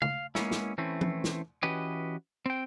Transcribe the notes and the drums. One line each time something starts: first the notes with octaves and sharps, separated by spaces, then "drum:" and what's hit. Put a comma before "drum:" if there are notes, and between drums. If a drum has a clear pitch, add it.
F5, drum: tom C#3
G#3 A#3 B3 C#4 E4, drum: snare
drum: snare
E3 A3 C4 C#4 E4
drum: tom F3
drum: snare
E3 C#4 F#4 G4 B4 D#5
C4 G5